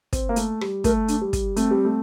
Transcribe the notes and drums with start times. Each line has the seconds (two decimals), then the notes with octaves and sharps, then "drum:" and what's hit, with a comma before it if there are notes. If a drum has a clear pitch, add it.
0.13 C4, drum: kick, hi-hat
0.29 A#3
0.36 A3, drum: hi-hat
0.61 G3, drum: rim click
0.84 A3 A#4, drum: kick, hi-hat
1.08 D4, drum: hi-hat
1.21 G3
1.33 drum: kick, hi-hat
1.56 A3 C4, drum: hi-hat
1.71 G3
1.85 A3